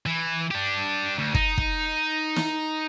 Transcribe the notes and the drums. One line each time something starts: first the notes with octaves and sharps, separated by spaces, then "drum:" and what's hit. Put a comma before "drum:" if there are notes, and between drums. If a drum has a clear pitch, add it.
E3
D4 G4
D2
D#4, drum: kick
drum: kick
drum: snare